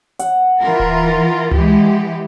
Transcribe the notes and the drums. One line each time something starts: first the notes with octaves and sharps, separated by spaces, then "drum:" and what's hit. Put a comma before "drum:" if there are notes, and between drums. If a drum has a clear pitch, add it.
F#5, drum: hi-hat
E3 F4 A#4
drum: kick D1
E3 G#3 G4, drum: tom C#2